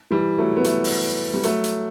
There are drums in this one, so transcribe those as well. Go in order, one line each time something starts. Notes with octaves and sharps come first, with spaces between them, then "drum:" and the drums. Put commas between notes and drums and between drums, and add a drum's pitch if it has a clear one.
E3 G3
F#3 A3
B3
F#3 A3, drum: hi-hat
drum: open hi-hat
G3
F#3 A3, drum: hi-hat
drum: hi-hat